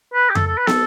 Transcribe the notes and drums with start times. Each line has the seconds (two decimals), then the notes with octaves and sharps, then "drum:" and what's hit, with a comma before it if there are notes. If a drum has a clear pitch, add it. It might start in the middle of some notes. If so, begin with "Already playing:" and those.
0.14 B4
0.30 G4
0.35 A4, drum: tom F2
0.47 A4
0.58 B4
0.67 A4, drum: snare